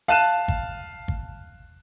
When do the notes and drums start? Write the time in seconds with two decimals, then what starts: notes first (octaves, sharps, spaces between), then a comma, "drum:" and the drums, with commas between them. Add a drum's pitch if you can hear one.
0.08 F5 A5 F#6 D#7 E7
0.48 drum: kick
1.08 drum: kick